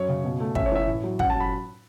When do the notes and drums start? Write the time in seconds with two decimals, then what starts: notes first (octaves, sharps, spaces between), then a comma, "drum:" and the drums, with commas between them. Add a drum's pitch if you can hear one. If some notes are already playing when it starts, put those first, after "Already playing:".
Already playing: F#2 C#5
0.09 C#3
0.24 B2
0.40 A3
0.55 C#4 E5, drum: kick
0.66 C#5
0.72 E3 E5
0.87 A2
1.03 F#3
1.19 C#4 F#5, drum: kick
1.30 A5
1.35 F#3
1.40 B5